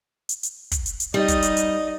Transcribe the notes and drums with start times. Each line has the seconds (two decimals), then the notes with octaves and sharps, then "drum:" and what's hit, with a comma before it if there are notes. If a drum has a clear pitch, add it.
0.29 drum: hi-hat
0.43 drum: hi-hat
0.71 drum: kick, hi-hat
0.86 drum: hi-hat
1.00 drum: hi-hat
1.14 G3 D#4 D#5
1.28 drum: kick, hi-hat
1.42 drum: hi-hat
1.57 drum: hi-hat